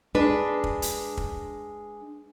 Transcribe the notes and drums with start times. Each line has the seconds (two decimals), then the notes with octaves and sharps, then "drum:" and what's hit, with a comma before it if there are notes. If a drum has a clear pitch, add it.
0.15 G#3 D4 B4
0.64 drum: kick
0.82 drum: hi-hat
1.17 drum: kick